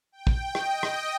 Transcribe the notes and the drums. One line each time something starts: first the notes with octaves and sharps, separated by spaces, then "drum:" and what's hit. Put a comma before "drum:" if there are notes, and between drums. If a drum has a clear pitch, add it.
G5
drum: kick
D#5, drum: rim click
drum: rim click